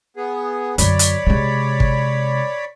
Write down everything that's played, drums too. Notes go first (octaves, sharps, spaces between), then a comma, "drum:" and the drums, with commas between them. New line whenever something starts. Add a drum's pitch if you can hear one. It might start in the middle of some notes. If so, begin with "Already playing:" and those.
B3 G#4
F#2 D3 C#5 D5 B5, drum: hi-hat
drum: hi-hat
C3 G#3
drum: kick